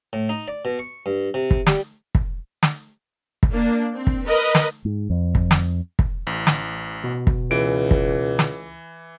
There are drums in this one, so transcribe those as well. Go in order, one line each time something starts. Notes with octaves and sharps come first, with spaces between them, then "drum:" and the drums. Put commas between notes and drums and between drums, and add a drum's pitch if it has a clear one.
A2
D#4
D5
B2
C#6
G2
C3
drum: kick
G3, drum: snare
drum: kick
drum: snare
drum: kick
A#3 D4
C4
drum: kick
A#4 B4 D#5
drum: snare
G#2
F2
drum: kick
drum: snare
drum: kick
A1
drum: snare
B2
drum: kick
C#2 E3 D7
drum: kick
drum: snare